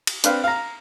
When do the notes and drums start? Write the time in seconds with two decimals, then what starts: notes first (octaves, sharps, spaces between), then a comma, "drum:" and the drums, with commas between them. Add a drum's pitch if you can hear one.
0.07 drum: cymbal
0.24 C4 D4 B4 C5 F5, drum: hi-hat
0.44 F5 A#5